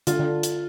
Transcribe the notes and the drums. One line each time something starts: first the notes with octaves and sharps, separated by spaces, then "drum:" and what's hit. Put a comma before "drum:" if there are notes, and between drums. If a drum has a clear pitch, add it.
D3 F4, drum: hi-hat
D3
drum: hi-hat